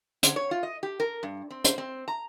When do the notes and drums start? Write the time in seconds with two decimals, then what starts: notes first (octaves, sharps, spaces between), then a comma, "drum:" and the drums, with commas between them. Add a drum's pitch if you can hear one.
0.23 D3, drum: hi-hat
0.36 C#5
0.51 F4
0.63 D#5
0.83 G4
1.00 A#4
1.23 G2
1.50 C4
1.64 C5, drum: hi-hat
1.78 C4
2.08 A#5